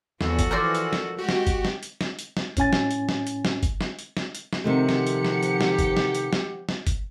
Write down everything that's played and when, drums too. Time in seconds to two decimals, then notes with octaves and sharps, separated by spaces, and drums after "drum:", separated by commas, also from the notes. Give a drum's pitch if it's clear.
0.21 E2 F3 F#4 A4, drum: snare
0.39 drum: kick G1, hi-hat
0.51 E3 A#4 C5 D5
0.75 drum: hi-hat
0.93 drum: snare
1.18 G#3 F#4 G4
1.29 drum: snare
1.47 drum: kick G1, hi-hat
1.65 drum: snare
1.83 drum: hi-hat
2.01 drum: snare
2.19 drum: hi-hat
2.37 drum: snare
2.57 A2 C#4 G#5 A6, drum: kick G1, hi-hat
2.73 drum: snare
2.91 drum: hi-hat
3.09 drum: snare
3.27 drum: hi-hat
3.45 drum: snare
3.63 drum: kick G1, hi-hat
3.81 drum: snare
3.99 drum: hi-hat
4.17 drum: snare
4.35 drum: hi-hat
4.53 drum: snare
4.64 C3 D#3 F3 A3 G4 F#5 C#7
4.89 drum: snare
5.07 drum: hi-hat
5.25 drum: snare
5.43 drum: hi-hat
5.61 drum: snare
5.79 drum: kick G1, hi-hat
5.97 drum: snare
6.15 drum: hi-hat
6.33 drum: snare
6.69 drum: snare
6.87 drum: kick G1, hi-hat